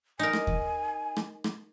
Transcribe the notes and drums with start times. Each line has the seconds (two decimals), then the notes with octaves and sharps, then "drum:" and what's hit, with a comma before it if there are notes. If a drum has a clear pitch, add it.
0.19 D#4 A#4 G#5
0.33 drum: rim click
0.47 drum: kick
1.16 drum: rim click
1.44 drum: rim click